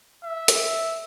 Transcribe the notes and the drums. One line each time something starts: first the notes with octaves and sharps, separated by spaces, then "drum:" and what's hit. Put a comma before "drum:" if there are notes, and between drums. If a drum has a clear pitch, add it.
E5
drum: hi-hat